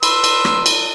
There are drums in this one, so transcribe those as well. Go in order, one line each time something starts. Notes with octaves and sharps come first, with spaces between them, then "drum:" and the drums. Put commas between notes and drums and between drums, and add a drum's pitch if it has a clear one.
B4 C6 E6, drum: cymbal
drum: cymbal
drum: rim click
drum: cymbal